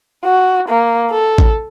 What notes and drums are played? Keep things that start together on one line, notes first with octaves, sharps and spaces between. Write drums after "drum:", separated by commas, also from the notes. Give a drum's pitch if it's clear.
F#4
A#3
A4
drum: kick A1